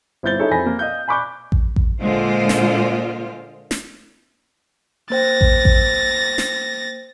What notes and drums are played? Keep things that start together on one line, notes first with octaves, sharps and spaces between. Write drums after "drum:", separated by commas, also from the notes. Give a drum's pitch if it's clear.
G1 E4 C5 G6 A6 G7
D#4 E4 G#4 A4 C#5
F2 C5 G#5 B5 A#6
A#3
D#5 F5 G6
G#5 B5 C#6 D6 F#6 G6
drum: kick A1
drum: kick A1
A#2 D3 G#3 F4 C5
drum: snare
drum: snare
A#3 C5 G5 A6 A#6
drum: kick A1
drum: kick A1
drum: snare